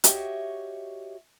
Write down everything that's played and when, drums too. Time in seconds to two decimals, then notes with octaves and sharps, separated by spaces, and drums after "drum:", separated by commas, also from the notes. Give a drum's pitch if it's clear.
0.04 F#4 G4 C#5 D#5 E5, drum: hi-hat